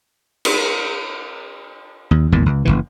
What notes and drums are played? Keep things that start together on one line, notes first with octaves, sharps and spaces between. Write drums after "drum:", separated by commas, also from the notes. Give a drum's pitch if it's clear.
drum: cymbal
D#2
G#1 E2 A#2
C#2
F#1 B1 E3